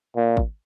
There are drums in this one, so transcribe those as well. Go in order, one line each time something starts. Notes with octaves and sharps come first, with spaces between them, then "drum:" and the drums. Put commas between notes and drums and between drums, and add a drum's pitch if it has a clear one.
A#2
drum: kick G#1